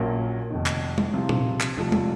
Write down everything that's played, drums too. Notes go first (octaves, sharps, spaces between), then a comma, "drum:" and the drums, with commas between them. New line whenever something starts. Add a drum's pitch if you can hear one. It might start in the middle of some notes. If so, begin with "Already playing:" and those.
Already playing: A#1 A#2 F#3 A#3 C#4
F1 F2 C3 D#3
drum: clap
drum: tom G3
C2 C3 F3 C4 F4
drum: tom A#2
drum: clap
F1 F2 C3 F3 A3
drum: tom G3